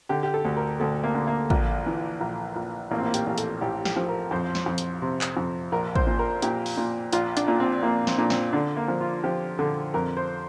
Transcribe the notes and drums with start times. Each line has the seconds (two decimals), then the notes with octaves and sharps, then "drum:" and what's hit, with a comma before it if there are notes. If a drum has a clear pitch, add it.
0.09 D3 G4
0.23 G4
0.34 A4
0.45 D2
0.57 A#4
0.80 D2 A4
1.04 A#3
1.15 D3
1.27 A#3
1.50 A#1, drum: kick
1.86 E3
2.20 A#1
2.56 A#1
2.91 A1 A#3
2.98 C4
3.05 A#3
3.14 G4, drum: hi-hat
3.27 A1
3.38 A4, drum: hi-hat
3.61 A1 G4
3.85 G4, drum: snare
3.96 F3
4.09 A#4
4.31 F2 C5
4.55 drum: snare
4.66 F2
4.78 drum: hi-hat
5.02 C3
5.21 drum: clap
5.37 F2
5.72 A#1 A#4
5.96 C5, drum: kick
6.07 A#2
6.19 A#4
6.42 A#2 G4, drum: hi-hat
6.66 drum: open hi-hat
6.77 A#2
7.13 A#1 F4, drum: hi-hat
7.37 D4, drum: hi-hat
7.48 A#2
7.60 C4
7.83 A#2 A#3
8.07 C4, drum: snare
8.18 A#2 D4
8.30 C4, drum: snare
8.53 D3 D4
8.77 A#3
8.88 F3
9.01 F4
9.23 F3 G4
9.59 D3 A4
9.94 F2 A#4
10.17 C5